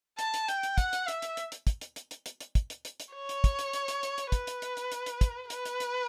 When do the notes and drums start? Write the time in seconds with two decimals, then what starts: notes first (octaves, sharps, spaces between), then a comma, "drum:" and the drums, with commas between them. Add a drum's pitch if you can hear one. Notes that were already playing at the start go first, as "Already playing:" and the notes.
0.19 A5, drum: hi-hat
0.34 drum: hi-hat
0.48 G5, drum: hi-hat
0.63 drum: hi-hat
0.78 F#5, drum: kick, hi-hat
0.93 drum: hi-hat
1.08 E5, drum: hi-hat
1.22 drum: hi-hat
1.37 drum: hi-hat
1.52 drum: hi-hat
1.67 drum: kick, hi-hat
1.81 drum: hi-hat
1.96 drum: hi-hat
2.11 drum: hi-hat
2.26 drum: hi-hat
2.40 drum: hi-hat
2.55 drum: kick, hi-hat
2.70 drum: hi-hat
2.85 drum: hi-hat
3.00 drum: hi-hat
3.14 C#5
3.29 drum: hi-hat
3.44 drum: kick, hi-hat
3.59 drum: hi-hat
3.73 drum: hi-hat
3.88 drum: hi-hat
4.03 drum: hi-hat
4.18 drum: hi-hat
4.32 B4, drum: kick, hi-hat
4.47 drum: hi-hat
4.62 drum: hi-hat
4.77 drum: hi-hat
4.92 drum: hi-hat
5.06 drum: hi-hat
5.21 drum: kick, hi-hat
5.50 B4, drum: hi-hat
5.65 drum: hi-hat
5.80 drum: hi-hat